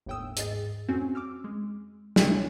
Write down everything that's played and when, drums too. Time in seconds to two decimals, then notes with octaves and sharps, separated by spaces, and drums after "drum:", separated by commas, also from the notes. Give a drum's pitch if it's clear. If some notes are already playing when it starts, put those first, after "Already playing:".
0.06 G1 D#2 A2 G5 D#6 E6
0.37 G#2 G#4 D#5 A6, drum: hi-hat
0.88 F2 C4 C#4 F#4 G#5
1.15 D6 E6 F6
1.44 G#3
2.16 drum: snare
2.30 E4 C#5 G#5